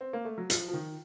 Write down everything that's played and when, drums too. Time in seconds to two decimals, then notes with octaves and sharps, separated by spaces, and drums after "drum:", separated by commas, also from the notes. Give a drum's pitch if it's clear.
0.01 C4
0.13 A#3
0.25 A3
0.38 F#3
0.50 F3, drum: hi-hat
0.68 F3
0.74 D#3